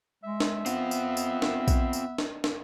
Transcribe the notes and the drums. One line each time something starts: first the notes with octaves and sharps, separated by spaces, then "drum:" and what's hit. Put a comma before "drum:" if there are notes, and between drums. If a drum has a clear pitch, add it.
G#3 E5
drum: snare
B3 C4 F4, drum: tambourine
drum: tambourine
drum: tambourine
drum: snare
drum: kick A#1, tambourine
drum: tambourine
drum: snare
drum: snare